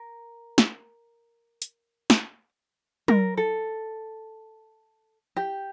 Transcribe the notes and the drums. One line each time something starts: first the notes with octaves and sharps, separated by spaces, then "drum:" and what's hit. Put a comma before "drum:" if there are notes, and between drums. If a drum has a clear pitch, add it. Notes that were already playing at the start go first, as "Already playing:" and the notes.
Already playing: A#4
drum: snare
drum: hi-hat
drum: snare
A#4, drum: tom
A4
G4